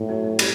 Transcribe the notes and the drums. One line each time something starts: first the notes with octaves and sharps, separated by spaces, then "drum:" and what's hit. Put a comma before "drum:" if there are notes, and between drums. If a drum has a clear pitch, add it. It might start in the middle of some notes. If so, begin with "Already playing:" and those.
Already playing: A2
F#3
F#3
G3, drum: cymbal